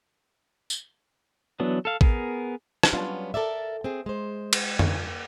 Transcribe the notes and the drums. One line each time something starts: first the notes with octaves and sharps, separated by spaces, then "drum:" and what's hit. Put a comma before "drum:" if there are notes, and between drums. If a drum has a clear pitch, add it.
drum: tambourine
E3 F#3 B3 D4
A4 F5
B3 G#4 A#4, drum: kick A1
drum: rim click
F#3 G3 B3 C#4 D4 F4
A4 A#4 D5 E5
C4 G#4
G#3 C5
drum: cymbal
A#3, drum: tom F2